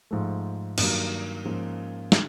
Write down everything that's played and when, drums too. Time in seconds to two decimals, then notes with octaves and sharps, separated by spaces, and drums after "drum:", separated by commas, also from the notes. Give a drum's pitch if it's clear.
0.11 G#2 F3 A3
0.78 G2 D#3 F#3 A#3, drum: cymbal
1.45 G#2 F3 A#3 C#4
2.12 D3, drum: snare